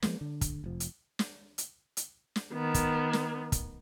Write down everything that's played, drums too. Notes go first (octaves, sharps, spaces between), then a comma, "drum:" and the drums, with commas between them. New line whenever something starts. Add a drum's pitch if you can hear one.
F3 G#3 A#3 B3, drum: snare
D3
drum: kick, hi-hat
F1 F3
drum: hi-hat
drum: snare
drum: hi-hat
drum: hi-hat
drum: snare
D#3 B3
drum: kick, hi-hat
drum: snare
drum: kick, hi-hat